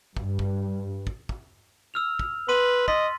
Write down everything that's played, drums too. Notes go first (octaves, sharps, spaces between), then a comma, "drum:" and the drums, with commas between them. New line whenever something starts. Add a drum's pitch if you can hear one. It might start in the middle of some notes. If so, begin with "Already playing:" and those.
G2, drum: kick
drum: kick
drum: kick
drum: kick
E6 F6 F7
drum: kick
B4 C6 D#7
D#5 C6 A6 B6, drum: kick